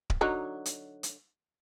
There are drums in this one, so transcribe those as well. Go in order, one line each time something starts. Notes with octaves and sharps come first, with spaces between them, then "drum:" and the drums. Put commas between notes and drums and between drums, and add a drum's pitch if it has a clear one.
drum: kick D1
D3 F#3 D#4
drum: hi-hat
drum: hi-hat